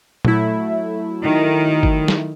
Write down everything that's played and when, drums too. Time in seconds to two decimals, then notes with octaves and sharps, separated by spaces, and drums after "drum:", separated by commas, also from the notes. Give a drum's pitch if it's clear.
0.25 F#3 A3 E4, drum: tom A#2
1.24 D#3
1.83 drum: kick G1
2.08 drum: snare